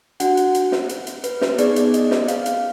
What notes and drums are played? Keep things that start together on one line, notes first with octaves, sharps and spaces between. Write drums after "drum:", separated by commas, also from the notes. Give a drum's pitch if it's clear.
D4 F#4 F#5, drum: hi-hat
drum: hi-hat
drum: hi-hat
drum: snare
drum: hi-hat
drum: hi-hat
B4, drum: hi-hat
drum: snare
B3 D#4 G#4 D5, drum: hi-hat
drum: hi-hat
D#5, drum: hi-hat
drum: snare
F5, drum: hi-hat
drum: hi-hat